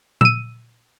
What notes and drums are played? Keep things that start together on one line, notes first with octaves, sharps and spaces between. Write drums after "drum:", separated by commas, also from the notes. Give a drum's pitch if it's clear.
E6 D#7, drum: tom A#2